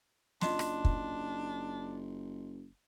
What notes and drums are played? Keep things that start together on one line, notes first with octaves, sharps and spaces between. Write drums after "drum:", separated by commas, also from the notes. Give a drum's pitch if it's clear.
F#1 D4 F4 D#5 C6, drum: snare
drum: rim click
drum: kick